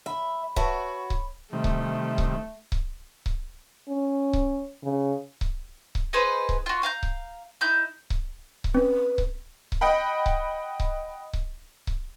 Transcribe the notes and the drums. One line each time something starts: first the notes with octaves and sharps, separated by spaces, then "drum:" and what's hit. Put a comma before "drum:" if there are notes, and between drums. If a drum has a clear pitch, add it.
E5 B5
F#4 B4 C#5 E5 A5, drum: kick C#1
drum: kick C#1
C3 D#3 G3 A3
drum: kick C#1
drum: kick C#1
drum: kick C#1
drum: kick C#1
C#4
drum: kick C#1
C#3
drum: kick C#1
drum: kick C#1
D#4 G#4 B4 C5
drum: kick C#1
F4 F#4
F5 A#5 G6
drum: kick C#1
D#4 E4 G6
drum: kick C#1
drum: kick C#1
C4 C#4 B4
drum: kick C#1
drum: kick C#1
D#5 F#5 G5 B5
drum: kick C#1
drum: kick C#1
drum: kick C#1
drum: kick C#1